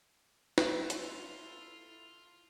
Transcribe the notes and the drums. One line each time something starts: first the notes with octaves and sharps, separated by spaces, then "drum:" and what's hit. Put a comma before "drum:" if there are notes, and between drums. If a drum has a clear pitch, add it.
E4 F4 A4, drum: snare
drum: hi-hat